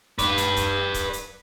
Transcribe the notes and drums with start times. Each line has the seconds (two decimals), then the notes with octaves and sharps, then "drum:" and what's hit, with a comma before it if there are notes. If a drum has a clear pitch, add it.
0.19 B4 D5, drum: kick C#1, hi-hat
0.37 drum: hi-hat
0.56 drum: kick C#1, hi-hat
0.94 drum: kick C#1, hi-hat
1.13 drum: hi-hat